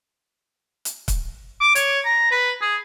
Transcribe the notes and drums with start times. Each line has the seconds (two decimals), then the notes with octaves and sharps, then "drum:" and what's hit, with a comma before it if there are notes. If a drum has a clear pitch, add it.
0.85 drum: hi-hat
1.08 drum: kick, hi-hat
1.61 D6
1.75 C#5, drum: hi-hat
2.05 A#5
2.31 B4
2.62 G#4